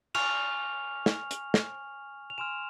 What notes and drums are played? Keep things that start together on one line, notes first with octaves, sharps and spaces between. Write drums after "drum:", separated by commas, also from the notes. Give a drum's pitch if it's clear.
G#5 C#6 F6 F7, drum: cymbal
drum: snare
drum: hi-hat
drum: snare
F7
G#5 C6 F6 E7